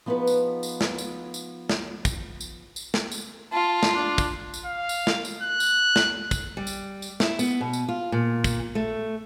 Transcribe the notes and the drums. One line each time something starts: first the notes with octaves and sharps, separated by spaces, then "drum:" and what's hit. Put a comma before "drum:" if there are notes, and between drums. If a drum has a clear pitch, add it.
F3 B3 D#4 G#4 B4
drum: tambourine
drum: tambourine
drum: snare
drum: tambourine
drum: tambourine
drum: snare
drum: kick, tambourine
drum: tambourine
drum: tambourine
drum: snare
drum: tambourine
F4 A5
drum: snare
D4
drum: kick, tambourine
drum: tambourine
F5
drum: tambourine
drum: snare
drum: tambourine
F#6
drum: tambourine
drum: snare
drum: kick, tambourine
G3
drum: tambourine
drum: tambourine
E4, drum: snare
B3, drum: tambourine
B2
drum: tambourine
F4
A#2
drum: kick, tambourine
A3